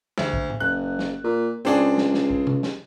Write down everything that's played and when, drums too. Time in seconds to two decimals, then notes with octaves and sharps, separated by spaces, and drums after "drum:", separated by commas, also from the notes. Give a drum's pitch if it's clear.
0.18 D2, drum: snare
0.34 drum: kick
0.50 drum: tom A2
0.60 F#1 F#6
0.99 drum: snare
1.24 A#2
1.65 C#2 C4 D4 G#4
1.98 drum: snare
2.14 drum: snare
2.30 drum: kick
2.47 drum: tom C3
2.63 drum: snare